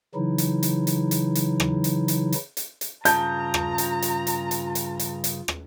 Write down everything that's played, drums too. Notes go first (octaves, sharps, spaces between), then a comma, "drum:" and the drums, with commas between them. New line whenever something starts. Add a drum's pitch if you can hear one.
C#3 E3 F#3 D#4 E4
drum: hi-hat
drum: hi-hat
drum: hi-hat
drum: hi-hat
drum: hi-hat
drum: rim click
drum: hi-hat
drum: hi-hat
drum: hi-hat
drum: hi-hat
drum: hi-hat
G2 C#3 F4 A5 A#5 G6, drum: hi-hat
drum: rim click
drum: hi-hat
drum: hi-hat
drum: hi-hat
drum: hi-hat
drum: hi-hat
drum: hi-hat
drum: hi-hat
drum: rim click